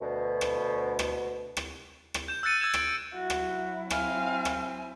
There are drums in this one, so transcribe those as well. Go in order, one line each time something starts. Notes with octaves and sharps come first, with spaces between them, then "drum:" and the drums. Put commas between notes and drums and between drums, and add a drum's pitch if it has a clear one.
D2 B2
drum: rim click
drum: rim click
drum: rim click
drum: rim click
G6 E7
E6 F#6 G6 A6 C#7 D#7
E6 G#6 E7
D7, drum: rim click
F#3 E4 F#4
drum: rim click
C4 F5 G#5, drum: rim click
drum: rim click